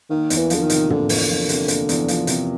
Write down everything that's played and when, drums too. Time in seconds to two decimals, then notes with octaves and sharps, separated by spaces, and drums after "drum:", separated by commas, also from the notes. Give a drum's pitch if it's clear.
0.10 D#3 A#3
0.30 E2, drum: hi-hat
0.37 E3
0.50 D3 F3, drum: hi-hat
0.63 D#3
0.70 C3, drum: hi-hat
0.90 D3 A#3, drum: tom
1.09 E2, drum: open hi-hat
1.29 F3
1.49 C3, drum: hi-hat
1.68 A#3, drum: hi-hat
1.89 E2, drum: hi-hat
2.08 F3, drum: hi-hat
2.27 C3, drum: hi-hat